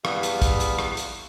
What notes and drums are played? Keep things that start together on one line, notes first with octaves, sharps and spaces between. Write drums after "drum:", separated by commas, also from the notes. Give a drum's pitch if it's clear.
E2 G3 B3 F5, drum: rim click
drum: hi-hat
drum: kick, hi-hat
drum: hi-hat
drum: rim click
drum: hi-hat